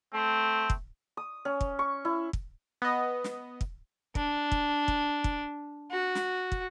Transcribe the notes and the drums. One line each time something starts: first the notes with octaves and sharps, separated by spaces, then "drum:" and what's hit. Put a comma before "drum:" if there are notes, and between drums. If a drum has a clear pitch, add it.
A3 C4
drum: kick
D#6
C#4
drum: kick
C#6
E4
drum: kick
B3 D#5
drum: snare
drum: kick
D4, drum: kick
drum: kick
drum: kick
drum: kick
F#4
drum: snare
drum: kick